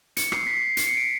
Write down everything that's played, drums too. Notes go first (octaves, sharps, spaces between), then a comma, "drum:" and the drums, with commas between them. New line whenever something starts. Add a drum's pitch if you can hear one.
C#7, drum: hi-hat
C7, drum: rim click
B6
C7
C7, drum: hi-hat
C#7
D7